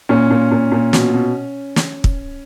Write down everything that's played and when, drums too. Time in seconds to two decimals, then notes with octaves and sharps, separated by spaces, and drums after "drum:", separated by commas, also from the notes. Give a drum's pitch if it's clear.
0.09 A#2 C#4
0.30 A#2
0.51 A#2
0.72 A#2
0.93 B2, drum: snare
1.13 B2
1.76 drum: snare
2.04 drum: kick